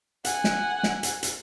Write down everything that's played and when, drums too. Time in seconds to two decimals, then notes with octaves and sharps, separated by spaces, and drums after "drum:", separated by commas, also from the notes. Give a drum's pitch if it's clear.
0.25 F#5 G#5, drum: hi-hat
0.44 drum: snare
0.83 drum: snare
1.03 drum: hi-hat
1.23 drum: hi-hat